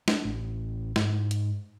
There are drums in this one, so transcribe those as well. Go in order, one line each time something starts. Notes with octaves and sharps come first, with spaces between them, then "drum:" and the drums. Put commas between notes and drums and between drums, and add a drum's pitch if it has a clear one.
D4, drum: snare
A1
G#2, drum: snare
drum: hi-hat